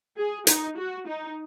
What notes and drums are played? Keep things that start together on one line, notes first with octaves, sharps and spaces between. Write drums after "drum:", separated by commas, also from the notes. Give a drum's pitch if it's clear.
G#4
D#4, drum: hi-hat
F#4
D#4